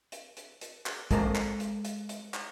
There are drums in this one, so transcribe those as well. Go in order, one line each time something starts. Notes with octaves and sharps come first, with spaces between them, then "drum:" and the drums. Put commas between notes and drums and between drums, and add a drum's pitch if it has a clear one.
drum: hi-hat
drum: hi-hat
drum: hi-hat
drum: clap
G#3 A4 A#4 C5, drum: kick, hi-hat
drum: clap
drum: hi-hat
drum: hi-hat
drum: hi-hat
drum: clap